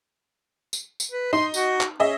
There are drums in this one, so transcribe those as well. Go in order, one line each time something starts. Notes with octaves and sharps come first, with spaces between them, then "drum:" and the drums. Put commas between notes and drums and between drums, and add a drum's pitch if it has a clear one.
drum: tambourine
drum: tambourine
B4
D#4 C6
F#4, drum: tambourine
drum: clap
C#4 G#4 D#5 E5